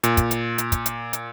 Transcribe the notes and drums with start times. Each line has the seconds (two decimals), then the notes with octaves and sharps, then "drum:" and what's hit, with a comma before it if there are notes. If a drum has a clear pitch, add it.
0.04 A#2, drum: hi-hat
0.17 drum: kick, hi-hat
0.31 drum: hi-hat
0.58 drum: hi-hat
0.72 drum: kick, hi-hat
0.86 drum: hi-hat
1.13 drum: hi-hat